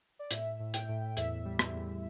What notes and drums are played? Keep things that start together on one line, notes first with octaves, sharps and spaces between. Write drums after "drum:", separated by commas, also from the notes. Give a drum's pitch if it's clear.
D5
A2 E5, drum: hi-hat
A2
G5, drum: hi-hat
A2
E2 E5, drum: hi-hat
G3
drum: rim click
E2